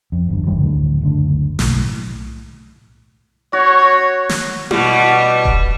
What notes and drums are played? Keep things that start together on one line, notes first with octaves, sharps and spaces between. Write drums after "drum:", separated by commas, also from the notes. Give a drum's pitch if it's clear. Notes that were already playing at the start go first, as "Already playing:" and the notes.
F2
G1 E2 G2
F#2 D#3 G3
D2 A2 D3
F#1 D2 D3
B1 A2, drum: snare
F#4 C#5
drum: snare
B2 G3, drum: tom E4
drum: kick D#1